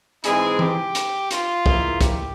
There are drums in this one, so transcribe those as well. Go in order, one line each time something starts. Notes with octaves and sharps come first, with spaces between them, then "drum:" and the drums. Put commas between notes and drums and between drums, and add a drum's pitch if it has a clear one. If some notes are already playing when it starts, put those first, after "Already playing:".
G#2 E3 G#3 C4 E4 G#4, drum: hi-hat
G4, drum: tom E3
drum: hi-hat
F4, drum: hi-hat
C#3 E3 A#3 E4, drum: kick
G4, drum: kick, hi-hat